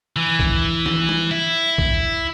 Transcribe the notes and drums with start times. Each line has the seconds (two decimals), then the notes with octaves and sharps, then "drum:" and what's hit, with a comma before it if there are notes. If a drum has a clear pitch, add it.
0.16 E3
0.39 drum: kick B1
0.86 drum: snare
1.09 drum: tom
1.31 E4
1.78 drum: kick B1